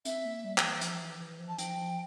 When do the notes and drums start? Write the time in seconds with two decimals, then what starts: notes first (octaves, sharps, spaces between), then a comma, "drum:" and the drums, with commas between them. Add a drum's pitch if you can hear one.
0.05 C4 E5, drum: hi-hat
0.25 A#3
0.44 G3
0.58 F3, drum: clap
0.63 E3
0.81 F3, drum: hi-hat
1.00 E3
1.20 E3
1.39 F3
1.48 A5
1.58 F3 G5, drum: hi-hat
1.77 F3